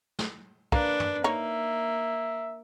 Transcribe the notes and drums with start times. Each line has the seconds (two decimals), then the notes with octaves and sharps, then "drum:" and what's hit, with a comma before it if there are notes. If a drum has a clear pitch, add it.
0.19 drum: snare
0.72 A#3 D4 B4, drum: kick
1.00 drum: tom
1.24 A#3 D#4 C#5 E5